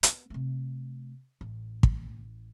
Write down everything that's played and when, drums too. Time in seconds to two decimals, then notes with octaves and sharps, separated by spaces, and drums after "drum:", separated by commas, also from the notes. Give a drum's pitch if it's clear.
0.03 B3, drum: hi-hat
0.30 C3 A3
1.41 A1
1.83 drum: kick